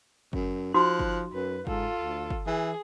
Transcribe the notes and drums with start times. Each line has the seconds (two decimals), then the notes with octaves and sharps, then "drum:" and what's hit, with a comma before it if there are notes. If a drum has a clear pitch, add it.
0.33 F#2, drum: kick G1
0.74 F3 D#4 F#4 C6 F#6
0.99 drum: kick G1
1.33 F#2 B4
1.67 G#2 F4 A4, drum: kick G1
1.98 D2
2.30 drum: kick G1
2.47 E3 G#4